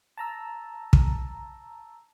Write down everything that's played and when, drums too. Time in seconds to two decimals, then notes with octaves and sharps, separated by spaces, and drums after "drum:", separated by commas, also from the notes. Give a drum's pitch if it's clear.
0.17 A5 A#5 E6
0.93 drum: kick